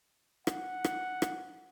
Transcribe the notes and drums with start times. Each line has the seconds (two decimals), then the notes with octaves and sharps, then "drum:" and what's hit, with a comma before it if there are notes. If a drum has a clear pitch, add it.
0.47 F#5, drum: rim click
0.84 drum: rim click
1.22 drum: rim click